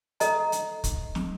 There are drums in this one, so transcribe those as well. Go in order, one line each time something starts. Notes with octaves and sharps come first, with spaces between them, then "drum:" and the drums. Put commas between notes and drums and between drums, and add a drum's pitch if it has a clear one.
A4 D#5 A#5, drum: hi-hat
drum: hi-hat
drum: kick, hi-hat
drum: snare